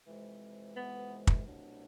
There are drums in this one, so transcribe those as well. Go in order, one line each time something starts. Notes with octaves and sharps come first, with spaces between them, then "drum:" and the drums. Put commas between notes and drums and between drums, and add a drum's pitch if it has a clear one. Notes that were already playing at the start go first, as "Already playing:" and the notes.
F2 C3 E3 G#3
B3
drum: kick
C2 B2 F#3 A3 D4